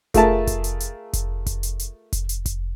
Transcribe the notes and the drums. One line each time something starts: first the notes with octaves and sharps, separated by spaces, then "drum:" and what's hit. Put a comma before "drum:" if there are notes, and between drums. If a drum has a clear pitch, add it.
A3 F4 G#4 A#4 E5 A5, drum: kick F1, hi-hat
drum: kick F1, hi-hat
drum: hi-hat
drum: hi-hat
drum: kick F1, hi-hat
drum: kick F1, hi-hat
drum: hi-hat
drum: hi-hat
drum: kick F1, hi-hat
drum: hi-hat
drum: kick F1, hi-hat